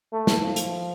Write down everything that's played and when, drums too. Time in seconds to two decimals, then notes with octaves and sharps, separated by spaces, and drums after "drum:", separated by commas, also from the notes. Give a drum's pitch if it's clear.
0.13 A3
0.27 drum: snare
0.42 F3
0.56 drum: hi-hat